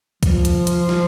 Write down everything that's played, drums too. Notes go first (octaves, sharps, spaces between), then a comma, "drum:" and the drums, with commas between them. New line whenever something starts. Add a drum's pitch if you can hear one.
F3, drum: kick C#2, hi-hat
drum: hi-hat
drum: hi-hat
drum: snare